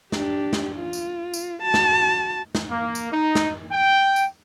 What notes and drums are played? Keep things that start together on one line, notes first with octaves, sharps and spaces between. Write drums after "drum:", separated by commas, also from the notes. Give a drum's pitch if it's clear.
D4 G4, drum: snare
drum: snare
F4
drum: tambourine
drum: tambourine
F#4 A5
drum: snare
drum: snare
A#3
drum: tambourine
D#4
drum: snare
G5
drum: tambourine